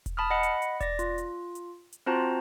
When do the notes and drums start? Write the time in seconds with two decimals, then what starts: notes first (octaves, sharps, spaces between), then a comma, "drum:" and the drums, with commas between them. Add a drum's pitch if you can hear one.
0.06 drum: kick E1, hi-hat
0.17 A5 B5 D#6 F6
0.30 D#5 F#5 B5 C#7
0.43 drum: hi-hat
0.62 drum: hi-hat
0.81 D5 A#6, drum: kick E1, hi-hat
0.99 F4, drum: hi-hat
1.18 drum: hi-hat
1.55 drum: hi-hat
1.93 drum: hi-hat
2.06 C4 F4 F#4 C5 A5 A#5